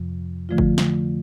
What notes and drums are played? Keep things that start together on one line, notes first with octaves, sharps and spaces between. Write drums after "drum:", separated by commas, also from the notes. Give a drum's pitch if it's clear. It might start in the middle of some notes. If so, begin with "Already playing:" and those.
Already playing: F2 C3 F3
D3 F3 A3 F4
drum: kick G1
drum: snare